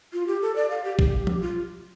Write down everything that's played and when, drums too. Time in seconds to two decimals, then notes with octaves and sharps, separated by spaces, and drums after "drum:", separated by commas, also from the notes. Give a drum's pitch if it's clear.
0.13 F4
0.27 G4
0.42 A4
0.56 D5
0.70 F5
0.84 G4
0.99 G4, drum: kick
1.27 drum: tom F3
1.41 F4